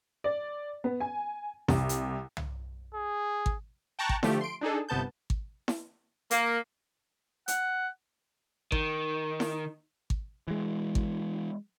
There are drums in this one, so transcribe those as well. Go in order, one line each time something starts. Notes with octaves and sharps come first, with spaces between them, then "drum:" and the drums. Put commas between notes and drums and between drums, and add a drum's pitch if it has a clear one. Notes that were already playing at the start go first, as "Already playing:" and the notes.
D5
B3
G#5
C2, drum: snare E4
drum: hi-hat
drum: tom
G#4
drum: kick G#1
G5 A5 A#5 C#6 F#6
drum: kick G#1
D3 F3 A3 G4, drum: snare E4
C6 D7
D4 D#4 G#4 A4
G1 C3 B3 A5 G6
drum: kick G#1
drum: snare E4
A#3, drum: hi-hat
F#5, drum: hi-hat
D#3, drum: kick G#1
drum: snare E4
drum: kick G#1
E3 G#3
drum: kick G#1